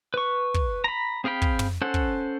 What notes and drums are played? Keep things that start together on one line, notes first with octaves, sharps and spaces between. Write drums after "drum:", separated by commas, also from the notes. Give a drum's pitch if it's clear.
B4 C#6
drum: kick
A#5 B5
C4 G#4 F5 G5 B5
drum: kick
drum: tom
C#4 A4 C5 F#5
drum: kick